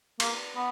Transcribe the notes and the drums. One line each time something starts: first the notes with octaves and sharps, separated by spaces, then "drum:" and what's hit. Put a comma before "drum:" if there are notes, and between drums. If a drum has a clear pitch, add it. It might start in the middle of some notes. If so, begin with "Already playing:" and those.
A#3, drum: cymbal
B3